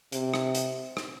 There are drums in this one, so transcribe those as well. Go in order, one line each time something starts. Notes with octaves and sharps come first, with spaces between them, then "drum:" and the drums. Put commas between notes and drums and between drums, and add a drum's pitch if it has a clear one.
C3, drum: hi-hat
drum: rim click
drum: hi-hat
drum: rim click